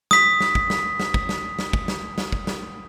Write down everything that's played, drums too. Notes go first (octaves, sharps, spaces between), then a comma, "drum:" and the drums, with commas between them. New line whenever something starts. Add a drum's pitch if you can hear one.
D#6 B6, drum: snare
drum: snare
drum: kick
drum: snare
drum: snare
drum: kick
drum: snare
drum: snare
drum: kick
drum: snare
drum: snare
drum: kick
drum: snare